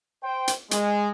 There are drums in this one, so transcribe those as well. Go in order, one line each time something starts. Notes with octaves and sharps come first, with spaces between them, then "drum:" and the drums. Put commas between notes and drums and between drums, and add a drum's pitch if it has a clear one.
C5 G5
drum: hi-hat
G#3, drum: hi-hat